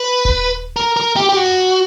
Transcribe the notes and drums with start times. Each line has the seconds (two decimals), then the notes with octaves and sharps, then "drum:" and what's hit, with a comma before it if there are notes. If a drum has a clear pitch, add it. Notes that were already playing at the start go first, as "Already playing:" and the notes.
Already playing: B4
0.25 drum: kick D#1
0.76 A#4
0.97 A#4
1.16 G4
1.29 G4
1.37 F#4